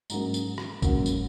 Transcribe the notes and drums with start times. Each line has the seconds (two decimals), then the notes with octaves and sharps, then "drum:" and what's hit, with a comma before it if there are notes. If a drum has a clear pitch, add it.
0.10 G#2 F#3 A#3 C#4 A#5, drum: tambourine
0.34 drum: tambourine
0.58 drum: rim click
0.82 G#2 F#3 A#3 C#4, drum: kick, tambourine
1.06 drum: tambourine